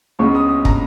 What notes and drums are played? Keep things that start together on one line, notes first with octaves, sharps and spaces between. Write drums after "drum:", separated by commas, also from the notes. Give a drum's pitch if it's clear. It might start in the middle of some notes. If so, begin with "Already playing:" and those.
C#2 C#3 G#3 B3 C#6
D#6
D#6
A#5, drum: kick